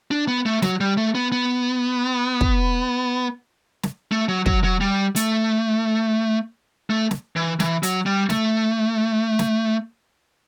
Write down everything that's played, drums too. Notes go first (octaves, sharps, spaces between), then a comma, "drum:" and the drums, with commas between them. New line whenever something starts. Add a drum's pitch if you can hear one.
D4
B3
A3
F#3, drum: snare
G3
A3
B3
B3
drum: kick
drum: snare
A3
F#3
F#3, drum: kick
F#3
G3
A3, drum: hi-hat
A3
drum: snare
E3
E3, drum: snare
F#3, drum: hi-hat
G3
A3, drum: snare
drum: snare